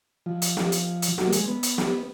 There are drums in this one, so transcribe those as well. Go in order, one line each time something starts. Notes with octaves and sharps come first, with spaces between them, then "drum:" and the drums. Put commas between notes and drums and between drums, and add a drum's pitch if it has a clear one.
F3
drum: hi-hat
drum: snare
drum: hi-hat
drum: hi-hat
F#3, drum: snare
A#3
G#3, drum: hi-hat
B3
drum: hi-hat
drum: snare